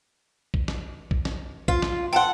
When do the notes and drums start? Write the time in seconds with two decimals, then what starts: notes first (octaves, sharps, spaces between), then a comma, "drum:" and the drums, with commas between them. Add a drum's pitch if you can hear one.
0.54 drum: kick A#1
0.68 drum: snare
1.11 drum: kick A#1
1.25 drum: snare
1.68 F4, drum: kick A#1
1.82 drum: snare
2.13 A4 F#5 G5 A5 C6